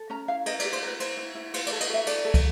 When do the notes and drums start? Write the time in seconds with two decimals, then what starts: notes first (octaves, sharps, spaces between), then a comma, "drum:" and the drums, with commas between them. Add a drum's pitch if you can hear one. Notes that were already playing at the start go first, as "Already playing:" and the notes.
Already playing: A4
0.10 C#4 A#5
0.28 E4 F5
0.46 A#4 D#5, drum: cymbal
0.59 D5, drum: cymbal
0.64 G4
0.73 C5, drum: cymbal
0.82 A#4 B4
1.00 E4 C5, drum: cymbal
1.17 E4
1.35 E4
1.54 F4 C5, drum: cymbal
1.66 D5, drum: cymbal
1.72 A4
1.80 D#5, drum: cymbal
1.89 A4 E5
2.06 A4 D5, drum: cymbal
2.25 A4
2.34 drum: kick, cymbal